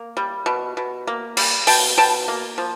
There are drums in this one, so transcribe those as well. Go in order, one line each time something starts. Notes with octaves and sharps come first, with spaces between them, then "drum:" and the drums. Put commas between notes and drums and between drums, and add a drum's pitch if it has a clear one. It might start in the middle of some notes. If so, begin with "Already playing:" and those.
Already playing: A#3
G3
B2
B2
A#3
G3, drum: cymbal
B2 G5 A5, drum: open hi-hat
B2 G5 A5
A#3
F3